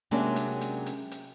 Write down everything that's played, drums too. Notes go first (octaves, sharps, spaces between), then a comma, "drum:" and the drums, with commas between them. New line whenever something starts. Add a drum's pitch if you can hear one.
C3 F#3 G#3 A#3 C#4 D4
drum: hi-hat
drum: hi-hat
drum: hi-hat
drum: hi-hat